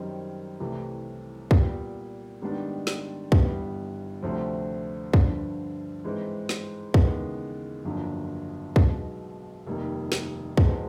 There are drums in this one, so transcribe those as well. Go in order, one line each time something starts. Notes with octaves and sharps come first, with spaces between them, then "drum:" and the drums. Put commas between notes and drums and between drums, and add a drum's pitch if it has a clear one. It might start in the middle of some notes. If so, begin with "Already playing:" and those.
Already playing: F#2 D#3 G3 C4 D#4
C2 C3 E3 A3
A#2 G3 B3, drum: kick
G#2 D#3 G3 B3 D4
drum: snare
G1 G2 E3 G3 B3, drum: kick
D2 C3 F3 A3 C4
G2 D3 F3, drum: kick
G#2 E3 G#3 C4
drum: snare
D#2 C#3 E3 G#3 B3, drum: kick
G1 F2 D3 F#3 A#3
B1 B2 G#3, drum: kick
F1 D#2 D#3 G3 A#3
drum: snare
E2 B2 G#3 C4, drum: kick